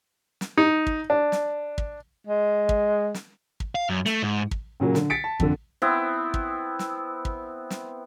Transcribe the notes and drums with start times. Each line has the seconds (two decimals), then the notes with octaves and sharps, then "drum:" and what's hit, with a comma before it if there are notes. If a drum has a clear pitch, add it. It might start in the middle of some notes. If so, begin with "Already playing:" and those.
0.41 drum: snare
0.58 D#4
0.87 drum: kick
1.10 D4
1.32 drum: snare
1.78 drum: kick
2.27 G#3
2.69 drum: kick
3.15 drum: snare
3.60 drum: kick
3.75 F5
3.90 F#2
4.06 A3, drum: snare
4.23 G#2
4.51 drum: kick
4.80 A#2 C#3 F#3 A#3
4.95 D3, drum: snare
5.10 A6 B6 C#7 D7
5.24 A5
5.40 F2 D3, drum: kick
5.82 B3 C4 E4
6.34 drum: kick
6.79 drum: snare
7.25 drum: kick
7.70 drum: snare